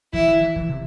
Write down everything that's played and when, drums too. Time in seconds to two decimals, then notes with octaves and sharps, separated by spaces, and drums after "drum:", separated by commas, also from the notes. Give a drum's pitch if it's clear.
0.13 E3 E4, drum: kick
0.28 E3
0.41 E3
0.56 E3, drum: kick
0.69 C3